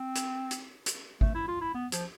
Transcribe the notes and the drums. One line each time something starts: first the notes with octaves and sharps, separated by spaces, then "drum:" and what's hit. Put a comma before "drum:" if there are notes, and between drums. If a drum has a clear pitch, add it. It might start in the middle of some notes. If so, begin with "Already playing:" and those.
Already playing: C4
drum: hi-hat
drum: hi-hat
drum: hi-hat
A3, drum: kick
E4
F4
E4
B3
F3, drum: hi-hat